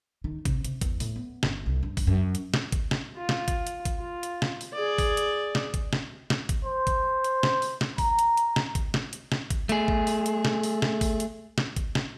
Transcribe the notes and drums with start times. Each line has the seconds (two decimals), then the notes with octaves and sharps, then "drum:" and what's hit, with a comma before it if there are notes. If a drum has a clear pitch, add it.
0.24 D#3
0.45 C3, drum: kick, hi-hat
0.65 C3, drum: hi-hat
0.81 E2, drum: kick, hi-hat
1.00 A2, drum: open hi-hat
1.16 B3
1.43 G1, drum: snare
1.66 C2
1.83 G2
1.97 drum: kick, open hi-hat
2.07 F#2
2.35 drum: hi-hat
2.54 drum: snare
2.72 drum: kick, hi-hat
2.91 drum: snare
3.17 F4
3.29 drum: snare
3.48 drum: kick, hi-hat
3.67 drum: hi-hat
3.85 drum: kick, hi-hat
3.99 F4
4.23 drum: hi-hat
4.42 drum: snare
4.61 drum: open hi-hat
4.74 G#4 D5
4.98 drum: kick, open hi-hat
5.17 drum: hi-hat
5.55 drum: snare
5.74 drum: kick, hi-hat
5.93 drum: snare
6.30 drum: snare
6.49 drum: kick, hi-hat
6.65 C5
6.87 drum: kick, hi-hat
7.24 drum: hi-hat
7.43 drum: snare
7.62 drum: open hi-hat
7.81 drum: snare
7.98 A#5, drum: kick, open hi-hat
8.19 drum: hi-hat
8.37 drum: hi-hat
8.56 drum: snare
8.75 drum: kick, hi-hat
8.94 drum: snare
9.13 drum: hi-hat
9.32 drum: snare
9.50 drum: kick, hi-hat
9.69 A3 G#4, drum: hi-hat
9.88 drum: kick
10.07 drum: open hi-hat
10.26 drum: hi-hat
10.45 drum: snare
10.63 drum: open hi-hat
10.82 drum: snare
11.01 drum: kick, open hi-hat
11.20 drum: hi-hat
11.58 drum: snare
11.76 drum: kick, hi-hat
11.95 drum: snare